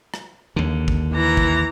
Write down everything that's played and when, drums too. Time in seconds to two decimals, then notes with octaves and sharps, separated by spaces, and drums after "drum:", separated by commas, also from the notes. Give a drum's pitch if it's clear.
0.14 drum: rim click
0.56 D#2 D3
0.88 drum: kick
1.13 E3 A#5
1.37 drum: kick